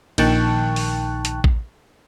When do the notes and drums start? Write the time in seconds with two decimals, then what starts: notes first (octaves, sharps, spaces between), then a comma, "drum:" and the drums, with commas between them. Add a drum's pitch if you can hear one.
0.18 A#1 D#3 G5 A5 C#6 F#6, drum: cymbal
0.76 drum: open hi-hat
1.25 drum: hi-hat
1.44 drum: kick A1